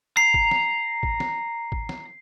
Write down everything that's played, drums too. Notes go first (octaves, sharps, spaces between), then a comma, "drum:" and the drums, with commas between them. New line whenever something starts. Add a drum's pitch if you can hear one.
A#5 C7
drum: kick A1
drum: snare
drum: kick A1
drum: snare
drum: kick A1
drum: snare